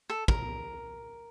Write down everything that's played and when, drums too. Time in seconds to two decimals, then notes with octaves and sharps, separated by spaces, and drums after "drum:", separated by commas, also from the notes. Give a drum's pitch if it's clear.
0.10 A4
0.28 A#4, drum: kick